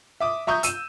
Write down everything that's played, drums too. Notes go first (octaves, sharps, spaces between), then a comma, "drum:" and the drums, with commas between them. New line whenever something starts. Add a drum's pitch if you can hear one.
E5 D6 D#6
E5 A#5 C#6 D#6 G6
E6 D#7 E7, drum: hi-hat